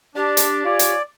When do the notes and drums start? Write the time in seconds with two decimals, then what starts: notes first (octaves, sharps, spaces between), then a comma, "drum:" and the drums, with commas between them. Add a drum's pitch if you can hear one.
0.16 D4 G4
0.37 drum: hi-hat
0.65 F4 C#5 D5 G#5
0.79 drum: hi-hat